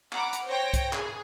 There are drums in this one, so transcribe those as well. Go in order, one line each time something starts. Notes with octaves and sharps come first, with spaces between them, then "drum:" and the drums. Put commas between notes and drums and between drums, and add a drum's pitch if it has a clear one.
F#5 A#5 B5 D6, drum: clap
drum: hi-hat
C5 C#5 G5 A#6
drum: kick C2, hi-hat
G#4, drum: clap